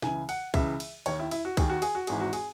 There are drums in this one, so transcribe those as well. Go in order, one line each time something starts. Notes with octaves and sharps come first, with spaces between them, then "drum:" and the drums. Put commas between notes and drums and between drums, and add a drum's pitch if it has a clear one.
C#2 C#3 E3 G#5, drum: snare
F#5, drum: cymbal
C#2 C#3 E3 E5, drum: kick C2, cymbal
drum: cymbal
D#2 D#3 C#5, drum: cymbal
E4
E4, drum: cymbal
F#4
D#2 D#3 G#4, drum: kick C2, cymbal
F#4
G#4, drum: cymbal
F#4
G#1 G#2 E3 G#4, drum: cymbal
F#4
G#4, drum: cymbal